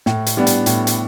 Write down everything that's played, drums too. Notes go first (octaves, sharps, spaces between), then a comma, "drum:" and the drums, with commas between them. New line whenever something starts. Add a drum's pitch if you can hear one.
A2, drum: snare
drum: hi-hat
G3 B3 D4
drum: hi-hat
A2, drum: hi-hat
drum: hi-hat